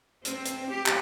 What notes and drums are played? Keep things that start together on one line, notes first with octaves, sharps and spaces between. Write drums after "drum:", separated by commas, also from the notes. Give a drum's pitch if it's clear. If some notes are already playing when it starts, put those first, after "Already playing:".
C4, drum: hi-hat
drum: hi-hat
G4
drum: clap